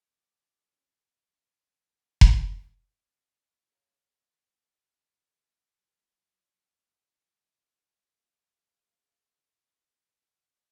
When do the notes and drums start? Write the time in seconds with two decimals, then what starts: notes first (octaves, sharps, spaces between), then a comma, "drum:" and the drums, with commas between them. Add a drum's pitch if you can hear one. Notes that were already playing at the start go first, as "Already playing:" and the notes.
0.11 D6
0.71 F2 C#4
1.81 B3
2.21 drum: kick F1
3.72 G#4 C#5 F5 A#5
5.73 F#3 F4
8.12 G#4 F5